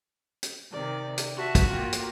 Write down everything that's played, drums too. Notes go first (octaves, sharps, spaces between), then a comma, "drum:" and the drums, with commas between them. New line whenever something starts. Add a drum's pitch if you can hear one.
drum: hi-hat
C3 D#3 D5
drum: hi-hat
F#4 E5 A5
drum: kick, hi-hat
A#3 F4 G4
drum: hi-hat